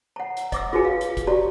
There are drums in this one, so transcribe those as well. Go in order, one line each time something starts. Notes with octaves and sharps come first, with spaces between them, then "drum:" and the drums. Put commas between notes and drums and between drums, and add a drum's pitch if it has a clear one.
F#5 A#5
drum: hi-hat
D#5 D6 E6, drum: kick, hi-hat
F4 F#4 G#4 B4 G#5
F5
drum: hi-hat
drum: kick, hi-hat
F#4 G4 D5 A#5